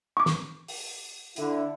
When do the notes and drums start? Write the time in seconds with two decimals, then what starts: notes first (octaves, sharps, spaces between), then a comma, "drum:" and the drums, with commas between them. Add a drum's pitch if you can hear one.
0.17 C#6 D6
0.26 drum: snare
0.68 drum: open hi-hat
1.36 D3 E4, drum: hi-hat